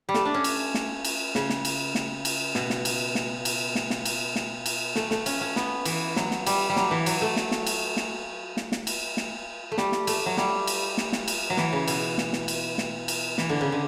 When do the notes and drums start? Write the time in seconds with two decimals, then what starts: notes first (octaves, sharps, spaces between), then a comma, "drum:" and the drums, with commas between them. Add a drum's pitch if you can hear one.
0.09 G3
0.14 A3, drum: snare
0.25 D4
0.34 C#4
0.44 drum: cymbal
0.74 drum: snare
1.05 drum: cymbal
1.35 C#3, drum: snare
1.50 drum: snare
1.65 drum: cymbal
1.95 drum: snare
2.25 drum: cymbal
2.55 B2, drum: snare
2.70 drum: snare
2.85 drum: cymbal
3.15 drum: snare
3.45 drum: cymbal
3.75 drum: snare
3.90 drum: snare
4.05 drum: cymbal
4.36 drum: snare
4.66 drum: cymbal
4.96 A3, drum: snare
5.11 A3, drum: snare
5.26 C#4, drum: cymbal
5.41 C#4
5.56 B3, drum: snare
5.85 E3, drum: cymbal
6.16 F#3, drum: snare
6.31 drum: snare
6.46 G3, drum: cymbal
6.70 G3
6.76 F#3, drum: snare
6.91 E3
7.06 F#3, drum: cymbal
7.21 A3
7.36 drum: snare
7.51 drum: snare
7.67 drum: cymbal
7.97 drum: snare
8.57 drum: snare
8.72 drum: snare
8.87 drum: cymbal
9.17 drum: snare
9.72 A3
9.78 G3, drum: snare
9.92 drum: snare
10.07 A3, drum: cymbal
10.26 F#3
10.37 G3, drum: snare
10.67 drum: cymbal
10.98 drum: snare
11.13 drum: snare
11.28 drum: cymbal
11.50 F#3
11.57 E3, drum: snare
11.73 C#3
11.88 B2, drum: cymbal
12.18 drum: snare
12.33 drum: snare
12.48 drum: cymbal
12.78 drum: snare
13.08 drum: cymbal
13.38 E3, drum: snare
13.50 D3
13.61 C#3
13.72 D3